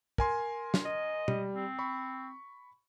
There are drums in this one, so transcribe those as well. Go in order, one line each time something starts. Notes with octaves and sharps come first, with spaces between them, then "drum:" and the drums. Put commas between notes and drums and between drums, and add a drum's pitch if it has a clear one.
A#4 G#5 C6, drum: kick
drum: snare
D#5
G3, drum: tom B2
C4
B5 C#6